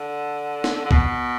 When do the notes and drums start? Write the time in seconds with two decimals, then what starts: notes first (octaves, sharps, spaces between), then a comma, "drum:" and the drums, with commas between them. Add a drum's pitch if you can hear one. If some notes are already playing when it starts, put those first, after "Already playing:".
Already playing: D3
0.64 drum: snare
0.85 D3
0.91 B2, drum: kick